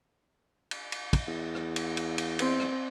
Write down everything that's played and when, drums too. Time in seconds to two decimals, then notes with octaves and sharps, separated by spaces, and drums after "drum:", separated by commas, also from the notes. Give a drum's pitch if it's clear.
0.71 drum: cymbal
0.92 drum: cymbal
1.13 drum: kick, cymbal
1.27 E2
1.55 drum: rim click
1.76 drum: cymbal
1.97 drum: cymbal
2.18 drum: cymbal
2.39 C4, drum: cymbal
2.60 drum: rim click